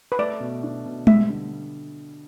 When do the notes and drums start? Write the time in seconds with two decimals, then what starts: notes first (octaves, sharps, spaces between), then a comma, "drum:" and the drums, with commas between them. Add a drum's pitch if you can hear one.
0.12 B4
0.19 A3 D5
0.40 B2
0.63 D4
0.86 B2
1.07 G3 E5, drum: tom G#3
1.30 D3